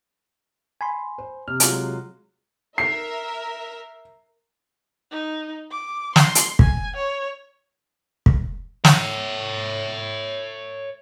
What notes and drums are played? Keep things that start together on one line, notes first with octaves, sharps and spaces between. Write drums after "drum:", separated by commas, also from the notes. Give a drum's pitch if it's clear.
G#5 B5 C6
C5
C3 F6
F#3 G#3 F4, drum: hi-hat
A#4 E5 C7
D#4
D6
C6, drum: snare
drum: hi-hat
G#5, drum: kick
C#5
drum: kick
C#5 E5, drum: snare